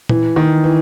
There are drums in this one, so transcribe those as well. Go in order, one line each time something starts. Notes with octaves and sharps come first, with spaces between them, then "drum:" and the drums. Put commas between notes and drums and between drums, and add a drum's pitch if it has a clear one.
E3, drum: tom A#2
D#3
E3